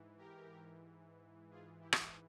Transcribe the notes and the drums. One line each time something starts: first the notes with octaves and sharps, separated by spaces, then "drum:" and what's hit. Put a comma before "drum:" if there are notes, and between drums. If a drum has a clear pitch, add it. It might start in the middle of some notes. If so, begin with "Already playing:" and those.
Already playing: G#2 E3
G4 A#4
F4 G#4
E4 G4
drum: rim click